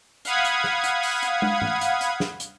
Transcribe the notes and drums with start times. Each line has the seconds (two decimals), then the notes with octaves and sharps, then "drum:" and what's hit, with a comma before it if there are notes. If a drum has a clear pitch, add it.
0.25 F5 F#5 B5 D#6 G#6, drum: hi-hat
0.44 drum: hi-hat
0.64 drum: snare
0.84 drum: hi-hat
1.03 drum: open hi-hat
1.23 drum: hi-hat
1.42 drum: tom
1.62 drum: tom
1.81 drum: hi-hat
2.01 drum: hi-hat
2.20 drum: snare
2.40 drum: hi-hat